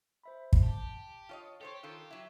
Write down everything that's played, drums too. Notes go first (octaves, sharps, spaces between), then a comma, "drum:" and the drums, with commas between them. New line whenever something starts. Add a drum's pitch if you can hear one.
C5 E5 B5
drum: kick
G4 A5
F4 C#5 D#5
G4 A4 C5 C#5
D#3 F4 A4 F#6
F#3 E4